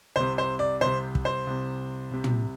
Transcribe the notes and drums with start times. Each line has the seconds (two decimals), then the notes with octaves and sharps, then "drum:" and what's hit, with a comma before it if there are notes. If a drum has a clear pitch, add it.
0.16 C2 C3 C5
0.38 C5
0.59 D5
0.81 C2 C3 C5
1.15 drum: kick
1.25 C5
1.46 C2 C3
2.11 C2 C3
2.24 drum: tom